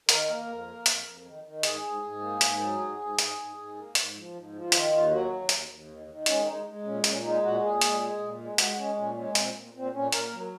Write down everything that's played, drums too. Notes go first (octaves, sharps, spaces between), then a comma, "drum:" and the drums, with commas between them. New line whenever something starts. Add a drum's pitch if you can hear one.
D#3 A#4, drum: hi-hat
A#3
F2
A#3
F2, drum: hi-hat
F2
D#3
D#3
G#2 G#4, drum: hi-hat
G#2
G#2
A#3
G#2, drum: hi-hat
F#3
G#2
G#2
G#2, drum: hi-hat
G#2
G#2
A#3
G#2, drum: hi-hat
F3
G#2
F3
D#3 F4, drum: hi-hat
D#2 F4
F#3 F#4
D#2
D#2, drum: hi-hat
D#2
D#3
D#3
G#3 C#4, drum: hi-hat
G#3 D#4
G#3
A#2 C#4
A#2 C#4, drum: hi-hat
G#3 D#4
A#2 F#4
A#2 G#4
G#3, drum: hi-hat
G#3
A#2
G#3
G#3 F#4, drum: hi-hat
G#3 C#4
A#2 C#4
G#3 C#4
A#2 C4, drum: hi-hat
A#2
A#2 C4
A#2 C#4
A#2 A#4, drum: hi-hat
F#3